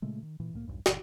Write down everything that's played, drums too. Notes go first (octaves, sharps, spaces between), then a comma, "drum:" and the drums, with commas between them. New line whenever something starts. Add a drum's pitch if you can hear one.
A#2 C#3 G#3 A3
D#3
A#2 E3
C2 A2 F#3 A#3
B1 E2 G2
F#1 A#2 E3, drum: snare